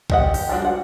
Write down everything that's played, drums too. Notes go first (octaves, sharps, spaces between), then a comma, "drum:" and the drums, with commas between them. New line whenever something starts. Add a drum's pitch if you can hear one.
G4 D#5 F#5, drum: kick B1
G4, drum: open hi-hat
F3 G3 G#3 D4 F#4
F#5